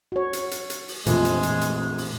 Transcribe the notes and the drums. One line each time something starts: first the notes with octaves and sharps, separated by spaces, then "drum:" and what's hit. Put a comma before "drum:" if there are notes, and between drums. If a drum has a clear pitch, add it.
F#4 C#5
drum: hi-hat
drum: hi-hat
drum: hi-hat
drum: open hi-hat
A#1 F2 A#2 E3 G#3 A3, drum: hi-hat
drum: hi-hat
drum: hi-hat
drum: hi-hat
drum: open hi-hat